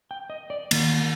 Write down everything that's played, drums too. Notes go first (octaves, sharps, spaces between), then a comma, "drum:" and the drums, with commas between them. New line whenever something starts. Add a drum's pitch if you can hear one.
G5
D#5
D5
D#3 A#3, drum: cymbal